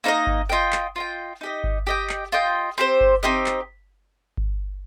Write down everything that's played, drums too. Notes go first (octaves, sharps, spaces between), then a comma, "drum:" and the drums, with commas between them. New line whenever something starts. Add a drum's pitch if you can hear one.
A#3 D#4 C5 D#5
drum: kick G1
F4 D#5 G5
drum: clap
F4 D#5 G5
D#4 G4 D#5
drum: kick G1
G4 D#5 G5
drum: clap
F4 D#5 G5
C4 G4 C5
drum: kick G1
C4 D#4 G4 D#5
drum: clap
drum: kick G1